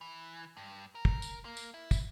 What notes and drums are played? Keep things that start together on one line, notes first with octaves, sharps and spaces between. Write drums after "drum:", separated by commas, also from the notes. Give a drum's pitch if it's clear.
E3
G2
A#4
drum: kick
drum: tambourine
A#3
drum: tambourine
E4
drum: kick, tambourine